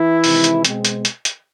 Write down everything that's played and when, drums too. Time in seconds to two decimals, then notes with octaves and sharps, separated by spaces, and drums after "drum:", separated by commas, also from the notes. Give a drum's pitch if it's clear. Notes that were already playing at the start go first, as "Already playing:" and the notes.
Already playing: E3 E4
0.24 C3 D#3 G#3, drum: open hi-hat
0.44 drum: hi-hat
0.65 B2 G#3 C4, drum: hi-hat
0.85 drum: hi-hat
1.05 drum: hi-hat
1.25 drum: hi-hat